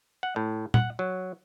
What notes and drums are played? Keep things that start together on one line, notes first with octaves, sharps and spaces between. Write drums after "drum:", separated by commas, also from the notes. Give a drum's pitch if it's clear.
F#5
A2
F#5, drum: tom
F#3